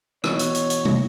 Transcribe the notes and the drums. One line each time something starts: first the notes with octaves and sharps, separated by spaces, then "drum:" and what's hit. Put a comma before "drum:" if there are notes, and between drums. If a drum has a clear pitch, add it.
B2 E3 C#5, drum: rim click
drum: hi-hat
drum: hi-hat
drum: hi-hat
drum: tom